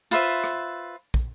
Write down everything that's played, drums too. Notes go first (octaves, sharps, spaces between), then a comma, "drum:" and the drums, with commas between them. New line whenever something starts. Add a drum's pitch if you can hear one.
F4 B4 C5 E5
drum: rim click
drum: kick